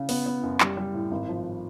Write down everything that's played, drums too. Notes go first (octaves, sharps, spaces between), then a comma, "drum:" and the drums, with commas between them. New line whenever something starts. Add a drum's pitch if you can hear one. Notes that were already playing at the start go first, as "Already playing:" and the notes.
Already playing: C#3
B3, drum: open hi-hat
B3
F#2
G3, drum: clap
G3
A2
G#1
F3